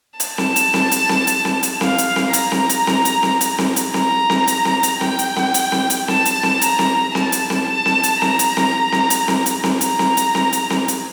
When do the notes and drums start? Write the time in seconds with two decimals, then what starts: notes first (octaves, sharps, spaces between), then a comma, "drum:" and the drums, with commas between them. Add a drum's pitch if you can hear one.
0.20 A5, drum: hi-hat
0.38 drum: snare C4
0.56 drum: hi-hat
0.74 drum: snare C4
0.91 drum: hi-hat
1.09 drum: snare C4
1.27 drum: hi-hat
1.45 drum: snare C4
1.63 drum: hi-hat
1.81 F5, drum: snare C4
1.98 drum: hi-hat
2.16 drum: snare C4
2.33 A#5, drum: hi-hat
2.52 drum: snare C4
2.69 drum: hi-hat
2.87 drum: snare C4
3.05 drum: hi-hat
3.23 drum: snare C4
3.41 drum: hi-hat
3.58 drum: snare C4
3.76 drum: hi-hat
3.94 A#5, drum: snare C4
4.30 drum: snare C4
4.47 drum: hi-hat
4.65 drum: snare C4
4.83 drum: hi-hat
5.01 G5, drum: snare C4
5.19 drum: hi-hat
5.36 drum: snare C4
5.54 drum: hi-hat
5.72 drum: snare C4
5.90 drum: hi-hat
6.08 A5, drum: snare C4
6.25 drum: hi-hat
6.43 drum: snare C4
6.61 A#5, drum: hi-hat
6.79 drum: snare C4
7.15 A5, drum: snare C4
7.32 drum: hi-hat
7.50 drum: snare C4
7.68 A5
7.86 drum: snare C4
8.03 drum: hi-hat
8.22 A#5, drum: snare C4
8.39 drum: hi-hat
8.57 drum: snare C4
8.92 drum: snare C4
9.10 drum: hi-hat
9.28 drum: snare C4
9.46 drum: hi-hat
9.64 drum: snare C4
9.81 A#5, drum: hi-hat
9.99 drum: snare C4
10.17 drum: hi-hat
10.35 drum: snare C4
10.53 drum: hi-hat
10.70 drum: snare C4
10.88 drum: hi-hat